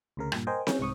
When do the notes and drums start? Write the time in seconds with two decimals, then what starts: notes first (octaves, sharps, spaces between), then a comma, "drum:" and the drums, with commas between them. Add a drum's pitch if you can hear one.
0.17 D2 C#3 A#4
0.32 G2 A#2, drum: rim click
0.47 A#4 C5 D#5 G5 G#5
0.67 C#4 G6, drum: snare C4
0.79 C2 G#2 C#6 D#6